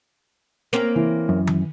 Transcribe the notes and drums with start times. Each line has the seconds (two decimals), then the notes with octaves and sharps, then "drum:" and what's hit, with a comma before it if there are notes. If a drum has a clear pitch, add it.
0.73 A#3 C4 C#4, drum: snare
0.96 E3
1.29 F#2
1.47 drum: tom D#3